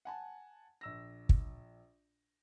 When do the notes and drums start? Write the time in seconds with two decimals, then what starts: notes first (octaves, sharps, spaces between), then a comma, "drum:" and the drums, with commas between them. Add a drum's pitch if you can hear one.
0.05 F#5 G#5 A5
0.81 A#1 E6 A#6
1.29 drum: kick